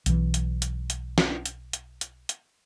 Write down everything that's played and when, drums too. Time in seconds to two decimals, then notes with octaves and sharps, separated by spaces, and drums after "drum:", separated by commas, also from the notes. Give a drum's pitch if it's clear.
0.06 B1 E3, drum: hi-hat
0.34 drum: hi-hat
0.62 drum: hi-hat
0.90 drum: hi-hat
1.18 drum: snare
1.46 drum: hi-hat
1.73 drum: hi-hat
2.01 drum: hi-hat
2.29 drum: hi-hat